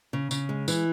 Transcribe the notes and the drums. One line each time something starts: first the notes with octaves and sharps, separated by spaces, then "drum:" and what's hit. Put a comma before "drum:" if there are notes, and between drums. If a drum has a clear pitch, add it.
C#3
C#3, drum: tambourine
G#3
E3, drum: tambourine